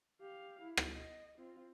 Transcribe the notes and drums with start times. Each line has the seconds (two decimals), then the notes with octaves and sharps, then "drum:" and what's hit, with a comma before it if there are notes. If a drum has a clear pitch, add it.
0.21 G4 F5
0.62 E4
0.77 drum: rim click
0.96 D#5
1.37 C4 F4